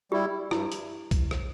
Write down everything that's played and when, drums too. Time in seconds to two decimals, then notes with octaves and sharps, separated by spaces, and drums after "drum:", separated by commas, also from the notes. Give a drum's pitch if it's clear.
0.11 G3 E4 G4
0.51 G2 E4, drum: rim click
0.72 drum: hi-hat
1.11 drum: kick B1, hi-hat
1.31 drum: rim click